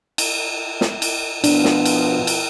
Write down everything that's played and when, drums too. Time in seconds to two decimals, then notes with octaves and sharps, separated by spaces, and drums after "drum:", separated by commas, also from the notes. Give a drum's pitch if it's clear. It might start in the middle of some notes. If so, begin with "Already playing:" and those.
0.18 drum: cymbal
0.81 drum: snare
1.02 drum: cymbal
1.44 B2 F3 B3 D4, drum: cymbal
1.65 drum: snare
1.85 drum: cymbal
2.27 drum: cymbal